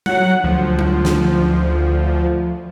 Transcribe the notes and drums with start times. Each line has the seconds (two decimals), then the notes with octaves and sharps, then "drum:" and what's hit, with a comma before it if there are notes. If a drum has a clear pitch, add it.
0.06 F#3 F#5, drum: tom F#3
0.44 D2 F3
0.79 drum: tom F#3
1.05 drum: snare